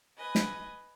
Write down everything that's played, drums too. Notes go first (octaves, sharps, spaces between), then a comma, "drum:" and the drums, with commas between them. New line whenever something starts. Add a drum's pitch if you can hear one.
B4 D#5 G#5
drum: snare